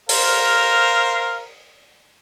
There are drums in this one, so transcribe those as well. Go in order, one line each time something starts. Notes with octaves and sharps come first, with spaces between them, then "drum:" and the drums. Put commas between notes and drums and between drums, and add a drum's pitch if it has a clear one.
A#4 C5 F5, drum: open hi-hat